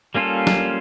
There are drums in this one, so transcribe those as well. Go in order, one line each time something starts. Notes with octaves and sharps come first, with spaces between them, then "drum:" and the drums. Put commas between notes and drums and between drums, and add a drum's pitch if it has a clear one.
G3 A#3 C#4 F4 A4
drum: snare